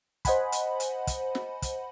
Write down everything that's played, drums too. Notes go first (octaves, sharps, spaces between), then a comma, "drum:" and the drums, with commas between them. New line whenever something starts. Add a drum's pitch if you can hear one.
C5 D#5 F#5 G#5 B5, drum: kick, hi-hat
drum: hi-hat
drum: hi-hat
drum: kick, hi-hat
drum: snare
drum: kick, hi-hat